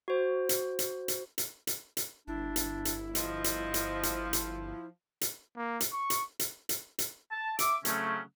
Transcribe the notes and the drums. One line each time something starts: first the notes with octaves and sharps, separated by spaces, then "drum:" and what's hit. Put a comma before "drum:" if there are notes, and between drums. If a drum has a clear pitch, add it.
F#4 C5
drum: hi-hat
drum: hi-hat
drum: hi-hat
drum: hi-hat
drum: hi-hat
drum: hi-hat
G1 D4 E4
drum: hi-hat
drum: hi-hat
F3 D#5, drum: hi-hat
drum: hi-hat
drum: hi-hat
drum: hi-hat
drum: hi-hat
drum: hi-hat
A#3
drum: hi-hat
C#6
drum: hi-hat
drum: hi-hat
drum: hi-hat
drum: hi-hat
A5
E5 D6, drum: hi-hat
C#3 F#3 A3 C4 C#4, drum: hi-hat